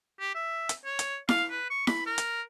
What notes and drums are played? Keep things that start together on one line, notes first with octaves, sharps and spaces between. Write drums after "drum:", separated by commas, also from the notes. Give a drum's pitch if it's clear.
G4
E5
drum: hi-hat
C#5
drum: hi-hat
F5, drum: snare E4
B4
C#6
B5, drum: snare E4
A#4
drum: hi-hat